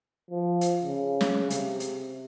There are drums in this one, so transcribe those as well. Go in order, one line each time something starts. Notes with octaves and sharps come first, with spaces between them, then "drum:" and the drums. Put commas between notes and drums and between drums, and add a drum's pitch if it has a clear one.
F3
drum: hi-hat
C#3
drum: snare
C3, drum: hi-hat
drum: hi-hat